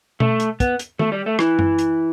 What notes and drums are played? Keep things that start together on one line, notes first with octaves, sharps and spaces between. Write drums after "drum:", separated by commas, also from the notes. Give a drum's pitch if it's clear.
A3, drum: tom B2
drum: hi-hat
B3, drum: kick, hi-hat
drum: hi-hat
A3, drum: tom D#3
G3
A3
E3, drum: rim click
drum: tom F#2
drum: hi-hat